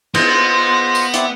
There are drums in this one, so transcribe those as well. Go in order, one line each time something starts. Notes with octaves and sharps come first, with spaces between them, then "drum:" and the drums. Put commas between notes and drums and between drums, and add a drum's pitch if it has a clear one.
B3 F4 C5 D#5, drum: cymbal
drum: tambourine
C4 E4 D5, drum: hi-hat